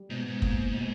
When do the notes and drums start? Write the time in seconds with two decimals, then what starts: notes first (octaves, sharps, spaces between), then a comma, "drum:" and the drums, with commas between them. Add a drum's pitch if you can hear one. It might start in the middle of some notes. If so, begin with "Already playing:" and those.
Already playing: G3
0.10 G#2 B2
0.26 G#2
0.42 A#3, drum: kick
0.74 B2